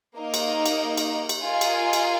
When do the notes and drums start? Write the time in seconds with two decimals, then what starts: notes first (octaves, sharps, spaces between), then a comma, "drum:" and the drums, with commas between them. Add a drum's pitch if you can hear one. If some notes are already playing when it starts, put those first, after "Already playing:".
0.17 A#3 D#4 A#4 D#5
0.34 drum: cymbal
0.66 drum: cymbal
0.97 drum: cymbal
1.29 drum: cymbal
1.45 F4 A#4 D#5 G#5
1.61 drum: cymbal
1.93 drum: cymbal